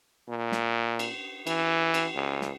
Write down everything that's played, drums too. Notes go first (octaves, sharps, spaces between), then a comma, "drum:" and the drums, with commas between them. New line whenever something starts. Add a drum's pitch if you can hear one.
A#2
drum: snare
drum: cymbal
E3, drum: cymbal
drum: cymbal
C#2
drum: snare